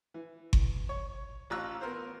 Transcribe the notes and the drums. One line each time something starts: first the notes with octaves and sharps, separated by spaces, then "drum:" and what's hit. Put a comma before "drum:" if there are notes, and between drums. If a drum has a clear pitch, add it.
E3
drum: kick G1
C#5
A1 F4 A#5 C#6 E6 F#6
B3 A#4 C5